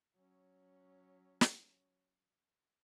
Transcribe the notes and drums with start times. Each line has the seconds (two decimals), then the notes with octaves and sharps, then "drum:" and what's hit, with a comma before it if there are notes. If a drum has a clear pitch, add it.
0.16 F#3 C#4
1.41 drum: snare